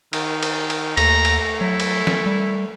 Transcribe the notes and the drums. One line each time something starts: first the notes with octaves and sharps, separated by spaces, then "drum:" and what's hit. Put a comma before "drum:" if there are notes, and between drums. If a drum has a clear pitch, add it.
D#3, drum: cymbal
drum: cymbal
drum: cymbal
D#2 A3 A#5, drum: cymbal
drum: cymbal
F#3 E4
drum: cymbal
drum: snare
G3